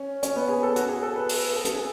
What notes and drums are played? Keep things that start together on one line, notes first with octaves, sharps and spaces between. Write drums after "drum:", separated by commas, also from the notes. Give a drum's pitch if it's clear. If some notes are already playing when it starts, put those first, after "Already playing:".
Already playing: C#4
C#4, drum: hi-hat
B3
G#4
A4
F#4, drum: hi-hat
G#4
A4
B4
B4, drum: open hi-hat
A4
drum: hi-hat
G#4